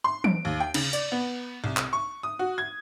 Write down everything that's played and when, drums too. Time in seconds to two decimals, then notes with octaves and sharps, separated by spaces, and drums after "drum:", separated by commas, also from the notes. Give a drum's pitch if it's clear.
0.04 C6
0.24 D7, drum: tom E3
0.45 D#2
0.60 G5
0.74 C#3, drum: cymbal
0.93 D5, drum: hi-hat
1.12 B3
1.64 C2
1.77 drum: clap
1.93 C#6
2.23 D#6
2.39 F#4
2.58 G#6